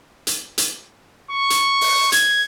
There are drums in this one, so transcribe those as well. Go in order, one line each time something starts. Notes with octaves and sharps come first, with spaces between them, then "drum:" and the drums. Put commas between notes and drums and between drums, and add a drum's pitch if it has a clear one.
drum: hi-hat
drum: hi-hat
C#6
drum: hi-hat
drum: open hi-hat
G#6, drum: hi-hat